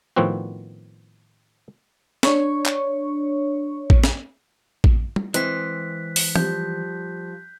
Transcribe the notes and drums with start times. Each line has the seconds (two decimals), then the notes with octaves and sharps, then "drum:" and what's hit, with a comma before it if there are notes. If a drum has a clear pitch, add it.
0.16 A2 D#3 F3 B3 C4 F#4
2.23 D4 C#5 C#6, drum: snare
2.66 drum: clap
3.90 drum: kick A1
4.04 drum: snare
4.84 drum: kick A1
5.16 drum: tom G3
5.34 E3 G#3 C4 F#6 B6, drum: hi-hat
6.16 drum: open hi-hat
6.36 F3 G3 G6, drum: tom